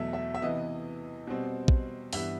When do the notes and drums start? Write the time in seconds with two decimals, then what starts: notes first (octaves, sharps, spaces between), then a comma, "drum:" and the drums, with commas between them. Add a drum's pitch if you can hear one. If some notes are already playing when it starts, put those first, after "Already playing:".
Already playing: E2 B2 F#3 A3 E5
0.13 E5
0.35 E5
0.42 C3 E3 B3 D#5
1.27 B2 G3 C4
1.68 drum: kick
2.13 G2 E3 B3 E5, drum: open hi-hat